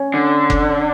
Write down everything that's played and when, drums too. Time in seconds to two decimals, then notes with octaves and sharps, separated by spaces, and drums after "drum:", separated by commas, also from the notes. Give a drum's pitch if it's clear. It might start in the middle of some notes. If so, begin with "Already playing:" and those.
Already playing: C#4
0.14 D3
0.50 drum: kick F#1